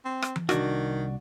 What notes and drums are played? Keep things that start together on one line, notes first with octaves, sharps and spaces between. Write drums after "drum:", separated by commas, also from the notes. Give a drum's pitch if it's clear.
C4
drum: rim click
drum: tom E3
C2 D#3 D4 F#4, drum: rim click